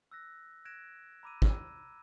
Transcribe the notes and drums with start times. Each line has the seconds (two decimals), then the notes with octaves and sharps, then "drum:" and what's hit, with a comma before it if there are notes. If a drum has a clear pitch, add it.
0.11 E6 F#6 A#6
0.65 F#6 G#6 A#6 D7 E7
1.23 A#5 B5 D6 E6 D#7
1.42 E6, drum: kick